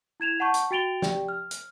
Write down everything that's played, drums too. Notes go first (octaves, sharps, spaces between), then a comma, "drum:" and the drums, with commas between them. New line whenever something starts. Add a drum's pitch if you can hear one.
E4 G#6 E7 F7
F#5 A5 C#6 G6
drum: hi-hat
F#4 G5 A6 D7 F7 G7
G4 D5 G5, drum: snare
F6
drum: hi-hat